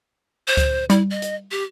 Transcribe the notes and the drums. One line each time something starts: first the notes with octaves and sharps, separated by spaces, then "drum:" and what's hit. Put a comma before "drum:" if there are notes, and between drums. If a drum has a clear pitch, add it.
C5
drum: kick C#2, hi-hat
G3 E4, drum: hi-hat
D#5
drum: hi-hat
G4